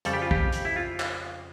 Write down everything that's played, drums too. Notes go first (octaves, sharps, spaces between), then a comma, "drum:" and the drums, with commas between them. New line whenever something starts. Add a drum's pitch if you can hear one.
F2 C#3 G3 A4, drum: hi-hat
G4
F4
G4, drum: kick
drum: hi-hat
E4
F4
drum: clap